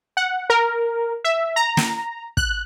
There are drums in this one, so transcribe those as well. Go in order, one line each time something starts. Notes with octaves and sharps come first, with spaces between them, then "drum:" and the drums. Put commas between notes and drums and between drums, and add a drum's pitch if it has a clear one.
F#5
A#4
E5
A#5
drum: snare
F#6, drum: kick